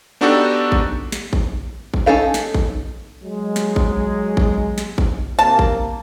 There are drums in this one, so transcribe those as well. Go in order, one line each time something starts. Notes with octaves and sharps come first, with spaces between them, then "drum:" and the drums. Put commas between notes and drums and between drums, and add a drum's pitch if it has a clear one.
B3 D4 D#4 F#4 G4 A4
drum: kick G#1
drum: snare
drum: kick G#1
drum: kick G#1
C#4 D#4 A4 F5
drum: snare
drum: kick G#1
F#3 G#3
drum: snare
drum: kick G#1
drum: kick G#1
drum: snare
drum: kick G#1
C3 A#3 A5
drum: kick G#1